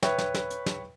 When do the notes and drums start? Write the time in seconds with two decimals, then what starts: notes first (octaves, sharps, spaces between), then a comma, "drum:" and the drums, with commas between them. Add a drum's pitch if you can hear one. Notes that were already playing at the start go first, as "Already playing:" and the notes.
0.02 B4 C#5 E5 G5 B5 C#6, drum: snare
0.18 drum: snare
0.34 drum: snare
0.50 drum: hi-hat
0.66 drum: snare